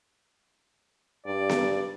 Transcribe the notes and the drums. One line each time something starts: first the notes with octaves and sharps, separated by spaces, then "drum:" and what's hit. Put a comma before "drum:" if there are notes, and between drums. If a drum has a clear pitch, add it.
G2 D5
drum: snare B3